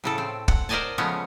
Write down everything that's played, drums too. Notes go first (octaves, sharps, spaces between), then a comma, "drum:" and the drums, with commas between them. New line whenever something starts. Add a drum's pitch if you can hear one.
A2 C#3 A4
C4
F#5, drum: kick
A#4 C5 D5 D#5 G#5 A5
C#3 F3 G#3 A3 B3 C#4